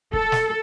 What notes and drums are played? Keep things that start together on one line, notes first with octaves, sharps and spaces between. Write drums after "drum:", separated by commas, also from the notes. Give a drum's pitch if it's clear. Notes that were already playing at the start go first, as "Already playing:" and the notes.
A4, drum: kick
drum: snare